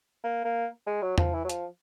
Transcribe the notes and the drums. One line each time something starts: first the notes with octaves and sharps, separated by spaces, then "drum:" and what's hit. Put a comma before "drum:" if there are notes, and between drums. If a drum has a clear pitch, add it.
A#3
A#3
G#3
F#3
F3, drum: tom E2
E3
F#3
F3, drum: hi-hat